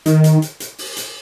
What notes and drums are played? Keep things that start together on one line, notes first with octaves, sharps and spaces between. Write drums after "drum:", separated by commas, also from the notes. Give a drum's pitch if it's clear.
D#3, drum: hi-hat
drum: hi-hat
drum: hi-hat
drum: hi-hat
drum: open hi-hat
drum: hi-hat